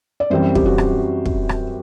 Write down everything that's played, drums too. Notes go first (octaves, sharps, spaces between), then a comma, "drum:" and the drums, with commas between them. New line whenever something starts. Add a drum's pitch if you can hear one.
D5
F#2 E3 G3 C4 C5
G4, drum: kick
F#4
drum: rim click
drum: kick
drum: rim click